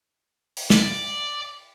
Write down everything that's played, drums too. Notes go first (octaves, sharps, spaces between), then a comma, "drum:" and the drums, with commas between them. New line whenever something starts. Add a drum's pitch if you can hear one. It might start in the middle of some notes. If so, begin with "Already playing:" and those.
drum: open hi-hat
D5, drum: snare